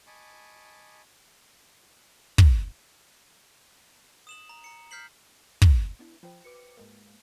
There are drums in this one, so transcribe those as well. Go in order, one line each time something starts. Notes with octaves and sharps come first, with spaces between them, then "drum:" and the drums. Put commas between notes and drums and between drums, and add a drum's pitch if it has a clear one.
D#5 G#5 A5 B5 C#6 D6
drum: kick
D#6 E7 F#7
A#5
A#5 C#7
F6 G6 B6 C7 F#7
drum: kick
B3 D4 E4
F3 C5 G5 B5
F#4 B4 D6 C#7
G#2 G#3 A#3